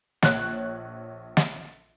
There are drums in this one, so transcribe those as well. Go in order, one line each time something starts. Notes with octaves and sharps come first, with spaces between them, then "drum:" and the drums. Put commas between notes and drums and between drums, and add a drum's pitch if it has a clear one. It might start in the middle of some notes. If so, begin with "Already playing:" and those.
A#1 C#5 F#6, drum: snare
drum: snare